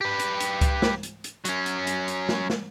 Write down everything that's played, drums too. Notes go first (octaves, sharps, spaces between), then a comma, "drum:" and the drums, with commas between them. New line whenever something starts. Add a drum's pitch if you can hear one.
G4 B4
drum: hi-hat
drum: hi-hat
drum: kick C#2, hi-hat
drum: snare
drum: hi-hat
drum: hi-hat
F#3 C#4, drum: hi-hat
drum: hi-hat
drum: hi-hat
drum: hi-hat
drum: snare
drum: snare